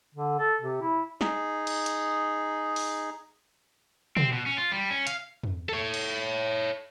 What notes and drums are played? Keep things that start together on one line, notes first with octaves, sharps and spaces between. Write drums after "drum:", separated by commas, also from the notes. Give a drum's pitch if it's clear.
D3
A4
C3
E4
D#4 G#4, drum: snare
drum: cymbal
drum: hi-hat
drum: open hi-hat
C4, drum: tom
B2
C#4
F4
G3
C#4
F5, drum: hi-hat
drum: tom
A4 C#5
drum: cymbal